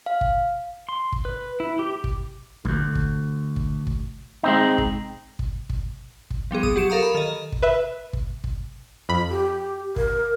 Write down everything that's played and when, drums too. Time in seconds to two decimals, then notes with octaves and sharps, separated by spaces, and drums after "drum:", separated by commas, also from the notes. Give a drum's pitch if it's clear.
0.06 F5
0.21 drum: kick
0.89 C6
1.12 drum: kick
1.25 B4
1.60 E4
1.79 G4
2.04 drum: kick
2.65 D2 G2, drum: kick
2.95 drum: kick
3.56 drum: kick
3.87 drum: kick
4.43 G#3 C4 D#4
4.78 drum: kick
5.39 drum: kick
5.70 drum: kick
6.30 drum: kick
6.51 F3 G3 B3 G#4
6.63 D#6, drum: kick
6.76 F#3 G4 C#7 E7
6.90 A4 A#4 F5 A#5 D#6
7.03 B5
7.15 D#3 D#5
7.52 drum: kick
7.62 B4 E5
8.13 drum: kick
8.44 drum: kick
9.09 F2 B5
9.31 G4
9.96 A#4, drum: kick